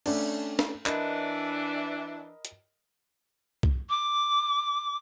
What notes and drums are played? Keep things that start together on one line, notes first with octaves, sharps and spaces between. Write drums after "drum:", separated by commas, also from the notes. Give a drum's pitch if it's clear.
A3 C#4 D4, drum: cymbal
drum: snare
E3 D4 A#4 D#5 B5, drum: clap
drum: hi-hat
drum: kick C2
D6